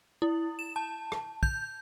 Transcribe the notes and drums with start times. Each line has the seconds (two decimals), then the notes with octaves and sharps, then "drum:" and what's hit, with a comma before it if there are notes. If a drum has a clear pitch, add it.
0.22 E4
0.59 E7
0.76 A5
1.12 drum: rim click
1.43 G6, drum: kick